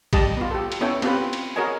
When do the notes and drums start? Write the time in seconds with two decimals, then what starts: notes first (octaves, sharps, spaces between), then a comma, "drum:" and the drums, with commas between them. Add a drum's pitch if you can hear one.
0.13 G3 G4 D#5 A5, drum: kick A1, cymbal
0.37 B3 F4
0.51 G4 A4
0.72 drum: cymbal
0.81 B3 C#4 E4 A4 C#5 G5
1.02 B3 C4 F4 G4 B4, drum: cymbal
1.33 drum: cymbal
1.56 F#4 G#4 A#4 C#5 D#5 G#5